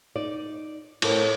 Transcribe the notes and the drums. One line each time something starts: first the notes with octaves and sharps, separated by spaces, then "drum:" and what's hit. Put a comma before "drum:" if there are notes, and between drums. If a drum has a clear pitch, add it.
D#4 D5
A2 A3 C4 A#4, drum: cymbal